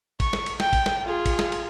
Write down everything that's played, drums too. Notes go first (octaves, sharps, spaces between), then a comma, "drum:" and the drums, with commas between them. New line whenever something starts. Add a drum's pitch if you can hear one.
C#6, drum: kick, cymbal
drum: snare
drum: cymbal
G5, drum: snare
drum: kick, cymbal
drum: snare
F4 G#4
drum: kick, cymbal
drum: snare
drum: cymbal